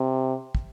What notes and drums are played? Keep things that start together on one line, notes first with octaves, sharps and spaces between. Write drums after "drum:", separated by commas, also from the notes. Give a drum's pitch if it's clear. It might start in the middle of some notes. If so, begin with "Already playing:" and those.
Already playing: C3
drum: kick